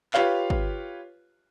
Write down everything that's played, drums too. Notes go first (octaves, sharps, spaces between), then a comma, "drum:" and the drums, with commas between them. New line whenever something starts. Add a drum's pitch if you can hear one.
F4 G4 B4 C#5 F5, drum: clap
drum: kick G#1